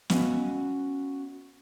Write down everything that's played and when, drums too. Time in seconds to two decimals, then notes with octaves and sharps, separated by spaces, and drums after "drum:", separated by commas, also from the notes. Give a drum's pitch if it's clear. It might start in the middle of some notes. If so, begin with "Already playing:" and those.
0.10 B3 C#4 F#4 B4 D#5 F5, drum: snare